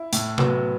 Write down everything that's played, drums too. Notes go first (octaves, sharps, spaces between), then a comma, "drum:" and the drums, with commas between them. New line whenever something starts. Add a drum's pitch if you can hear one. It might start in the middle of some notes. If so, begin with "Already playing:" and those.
Already playing: E4
A2, drum: hi-hat
F#3 B3, drum: tom C3